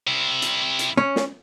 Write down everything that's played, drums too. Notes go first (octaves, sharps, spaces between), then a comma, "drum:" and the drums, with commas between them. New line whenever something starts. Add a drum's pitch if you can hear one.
C3 E4
drum: hi-hat
drum: hi-hat
C#4
drum: snare